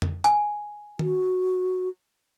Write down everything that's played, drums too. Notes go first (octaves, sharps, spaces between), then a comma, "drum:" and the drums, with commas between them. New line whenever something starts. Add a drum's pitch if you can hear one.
drum: tom F2
G#5, drum: hi-hat
F#4, drum: tom D#3